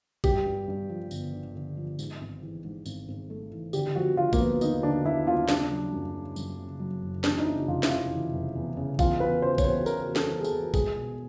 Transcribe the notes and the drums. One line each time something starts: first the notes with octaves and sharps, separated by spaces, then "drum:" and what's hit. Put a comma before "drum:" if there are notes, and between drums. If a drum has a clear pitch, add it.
G2 G4, drum: kick A1, tambourine
G2
G2
F3
G1, drum: tambourine
D3
D3
F3
G#2, drum: tambourine
G#1
E3
G#2
G#1, drum: tambourine
G#1
A3
E3
D3 G4, drum: tambourine
F3 F#4
D3 F4
A#3, drum: kick A1, tambourine
F3 B3
D#2 D#4, drum: tambourine
D3 D4
D#2 E4
D#2 F4
C#3 D4, drum: snare
F#3
F#2
C#3
F#2, drum: tambourine
C#3
F#3
F#1
E3 D4, drum: snare
D#4
C#3 E4
F1 F4
E4, drum: snare
C#3 F4
E3
F1
E2
C#3
E2 F4, drum: kick A1, tambourine
E2 B4
C#3 C5
C#5, drum: kick A1, tambourine
E2 C5
C#3 A#4, drum: tambourine
E2
A4, drum: snare
E2
G#4
A4, drum: tambourine
E2
G#3 G#4, drum: kick A1, tambourine
B2